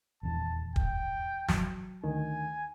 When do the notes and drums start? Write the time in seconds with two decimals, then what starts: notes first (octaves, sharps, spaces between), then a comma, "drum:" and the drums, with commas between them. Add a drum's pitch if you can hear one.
0.23 D#1 E2 A5
0.76 G5, drum: kick
1.48 F#3, drum: snare
2.04 D2 D#3 G#5